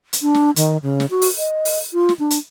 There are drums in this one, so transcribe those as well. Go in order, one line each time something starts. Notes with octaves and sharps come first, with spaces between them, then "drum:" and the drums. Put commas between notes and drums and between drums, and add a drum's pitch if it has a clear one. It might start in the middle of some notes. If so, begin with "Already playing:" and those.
drum: hi-hat
D4
drum: snare
D#3, drum: hi-hat
C#3
drum: snare
F#4
drum: open hi-hat
D#5
drum: open hi-hat
F4
drum: snare
D4
drum: hi-hat